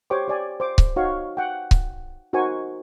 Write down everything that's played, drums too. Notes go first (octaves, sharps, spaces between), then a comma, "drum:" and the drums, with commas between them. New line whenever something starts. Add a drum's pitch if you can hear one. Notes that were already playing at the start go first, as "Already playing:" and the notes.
G4 C5 C#5 G5 C#6 D6
G4 D5 G#5
C5 D6
drum: kick C#1
D#4 F#4 C#5 F5 C#6
F#5 G5
drum: kick C#1
D#4 F#4 A#4 C5 G#5 C#6